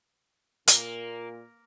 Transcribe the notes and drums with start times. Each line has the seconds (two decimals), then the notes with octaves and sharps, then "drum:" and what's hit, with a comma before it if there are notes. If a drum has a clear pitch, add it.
0.68 A#2 A#3, drum: hi-hat